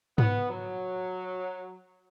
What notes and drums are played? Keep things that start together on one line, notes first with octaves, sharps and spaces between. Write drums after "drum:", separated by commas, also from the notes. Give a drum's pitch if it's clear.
B3, drum: tom G#2
F#3